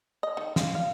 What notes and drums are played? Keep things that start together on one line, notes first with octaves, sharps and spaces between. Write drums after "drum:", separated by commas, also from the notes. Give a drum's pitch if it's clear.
D#5
D#3
F4, drum: snare
F5